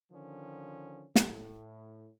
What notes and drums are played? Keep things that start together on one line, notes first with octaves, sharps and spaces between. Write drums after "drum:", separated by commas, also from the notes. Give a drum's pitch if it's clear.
D3 D#3 F3 C#4
A2, drum: snare